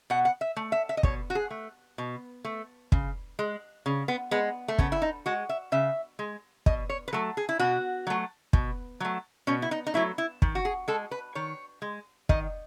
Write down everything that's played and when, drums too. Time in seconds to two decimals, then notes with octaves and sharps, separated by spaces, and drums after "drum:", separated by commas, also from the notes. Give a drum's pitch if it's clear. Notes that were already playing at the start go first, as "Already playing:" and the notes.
0.10 B2 F#5
0.25 F#5
0.41 E5
0.56 A3
0.72 E5
0.89 E5
0.97 D#5
1.03 B2 C#5, drum: kick
1.30 F#4
1.35 G#4
1.51 A3
1.98 B2
2.45 A3
2.92 C#3, drum: kick
3.39 G#3
3.86 C#3
4.08 B3
4.31 G#3 B3
4.68 A3
4.78 C#3 B3, drum: kick
4.92 E4
5.02 D#4
5.26 G#3 F#4
5.49 E5
5.72 C#3 E5
6.19 G#3
6.66 B2 D#5, drum: kick
6.90 C#5
7.08 B4
7.13 F#3 A3 A4
7.37 G#4
7.49 E4
7.59 B2 F#4
8.07 F#3 A3
8.53 B2, drum: kick
9.00 F#3 A3
9.47 B2 C#4
9.62 E4
9.71 D#4
9.87 D#4
9.94 F#3 A3 E4
10.18 E4
10.42 D#3, drum: kick
10.55 F#4
10.65 G#4
10.88 G#3 A4
11.11 B4
11.35 D#3 C#5
11.82 G#3
12.29 D#3 D#5, drum: kick